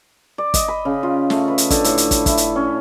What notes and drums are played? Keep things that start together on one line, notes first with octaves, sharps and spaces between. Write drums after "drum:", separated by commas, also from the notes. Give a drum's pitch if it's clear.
D5
D#5, drum: kick, hi-hat
B5
C#3
F4
A3, drum: snare
B4
drum: hi-hat
D3, drum: kick, hi-hat
A2, drum: hi-hat
drum: hi-hat
drum: kick, hi-hat
E4, drum: kick, hi-hat
drum: hi-hat
C#4